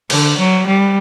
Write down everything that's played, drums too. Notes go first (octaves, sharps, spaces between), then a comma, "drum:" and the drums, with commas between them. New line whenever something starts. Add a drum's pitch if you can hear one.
D3, drum: cymbal
F#3
G3